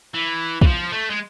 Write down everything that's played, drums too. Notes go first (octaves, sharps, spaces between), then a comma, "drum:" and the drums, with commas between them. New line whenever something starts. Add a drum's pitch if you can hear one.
E3
E3, drum: kick
F3
A3
G#3